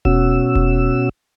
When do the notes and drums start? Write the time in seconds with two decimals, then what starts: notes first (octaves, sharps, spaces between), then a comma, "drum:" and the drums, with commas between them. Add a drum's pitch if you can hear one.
0.05 B2 C#4 F#4 E6, drum: kick E1
0.55 drum: kick E1